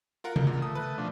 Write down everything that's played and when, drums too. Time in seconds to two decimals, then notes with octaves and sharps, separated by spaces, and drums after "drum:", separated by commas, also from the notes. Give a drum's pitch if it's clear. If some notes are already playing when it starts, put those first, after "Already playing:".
0.24 F4 A#4 F#5
0.36 C2 B2, drum: tom C3
0.47 A#2 A#4
0.62 A3 D#6
0.75 B4 F#6
0.98 B2 F3 D4